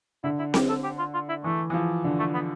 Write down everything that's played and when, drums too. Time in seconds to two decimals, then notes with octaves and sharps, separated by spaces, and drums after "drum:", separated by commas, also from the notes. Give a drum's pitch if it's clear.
0.24 D3 E4
0.39 E4
0.54 G4, drum: snare C4
0.69 A4
0.84 G4
0.99 F4
1.14 F4
1.29 E4
1.44 E3 A3
1.70 E3
1.74 F3
2.04 D3
2.19 A3
2.34 B3